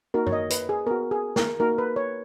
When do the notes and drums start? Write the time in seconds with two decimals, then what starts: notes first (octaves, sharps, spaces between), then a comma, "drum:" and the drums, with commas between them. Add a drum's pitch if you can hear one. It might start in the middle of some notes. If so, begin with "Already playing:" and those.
0.14 A#3 D#4 F#4 A#4
0.26 C#5, drum: tom F#2
0.33 D#5
0.50 B4, drum: hi-hat
0.69 G#4
0.87 B3 F#4 A#4
1.11 G#4
1.36 A#4, drum: snare
1.60 A#3 D#4 F#4 A#4
1.78 B4
1.96 C#5